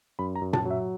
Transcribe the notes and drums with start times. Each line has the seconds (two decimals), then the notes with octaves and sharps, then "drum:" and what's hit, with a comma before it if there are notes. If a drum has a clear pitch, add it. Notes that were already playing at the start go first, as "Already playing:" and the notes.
0.19 F#2 B5
0.36 A#5
0.42 F#2
0.53 A5, drum: tom A#2
0.65 F#3
0.71 E5